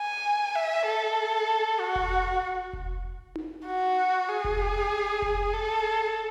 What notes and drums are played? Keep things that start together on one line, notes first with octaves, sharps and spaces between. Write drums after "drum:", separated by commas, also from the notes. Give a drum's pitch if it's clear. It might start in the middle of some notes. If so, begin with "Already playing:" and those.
Already playing: G#5
E5
A4
F#4
drum: kick F1
drum: kick F1
drum: tom D#4
F#4
G#4
drum: kick F1
drum: kick F1
A4